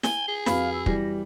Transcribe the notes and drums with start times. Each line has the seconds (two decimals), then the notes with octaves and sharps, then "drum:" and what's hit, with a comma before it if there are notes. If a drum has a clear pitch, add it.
0.03 G#5 G7, drum: snare
0.28 G#4
0.46 F2 F#4 B4 F5 B5, drum: snare
0.73 E6
0.86 E3 G3 A#6, drum: kick